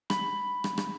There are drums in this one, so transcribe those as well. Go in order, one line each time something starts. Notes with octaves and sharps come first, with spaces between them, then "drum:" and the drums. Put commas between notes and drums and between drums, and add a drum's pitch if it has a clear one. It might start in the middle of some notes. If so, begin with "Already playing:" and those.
B5, drum: rim click
drum: rim click
drum: rim click